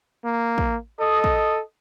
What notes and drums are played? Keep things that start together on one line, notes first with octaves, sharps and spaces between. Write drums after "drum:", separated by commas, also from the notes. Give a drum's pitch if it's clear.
A#3
drum: kick
A4 D#5 D#6
drum: kick